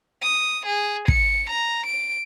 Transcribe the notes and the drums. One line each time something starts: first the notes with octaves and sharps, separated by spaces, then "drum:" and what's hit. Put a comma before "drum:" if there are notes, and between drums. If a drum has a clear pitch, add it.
D#6
G#4
C#7, drum: kick
A#5
D7